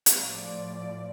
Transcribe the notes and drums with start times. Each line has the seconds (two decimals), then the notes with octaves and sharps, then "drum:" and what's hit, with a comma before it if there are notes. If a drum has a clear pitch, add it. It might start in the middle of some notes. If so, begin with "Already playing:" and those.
0.06 drum: hi-hat
0.20 A2 F3 D5